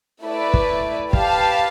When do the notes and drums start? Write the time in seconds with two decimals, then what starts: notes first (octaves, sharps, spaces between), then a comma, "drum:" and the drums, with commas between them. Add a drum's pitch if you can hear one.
0.24 A3 E4 B4 D5
0.54 drum: kick
1.13 G4 B4 F5 A5, drum: kick